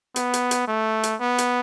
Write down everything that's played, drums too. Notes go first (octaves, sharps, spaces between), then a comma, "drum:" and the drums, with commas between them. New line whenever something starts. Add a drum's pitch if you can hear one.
B3, drum: hi-hat
drum: hi-hat
drum: hi-hat
A3
drum: hi-hat
B3
drum: hi-hat